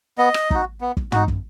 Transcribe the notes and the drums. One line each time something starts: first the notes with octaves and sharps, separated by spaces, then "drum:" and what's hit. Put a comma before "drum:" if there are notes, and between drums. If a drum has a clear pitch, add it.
B3 D#5
drum: rim click
D#4 F#4, drum: kick
B3
drum: kick
D#4 F#4, drum: tom
drum: kick